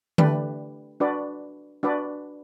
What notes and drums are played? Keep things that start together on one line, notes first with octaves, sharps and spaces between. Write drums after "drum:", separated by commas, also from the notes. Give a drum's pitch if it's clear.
A3 D4 G4 B4 D5, drum: tom D3
D4 F#4 B4 D5
D4 F#4 B4 D5